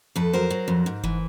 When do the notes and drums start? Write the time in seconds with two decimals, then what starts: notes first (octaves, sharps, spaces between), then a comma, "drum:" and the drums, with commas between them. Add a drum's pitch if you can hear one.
0.16 F2 A4 B4
0.33 F#3 A#4 C5
0.50 F#3
0.68 F2
0.86 G#2
1.04 E3, drum: kick F#1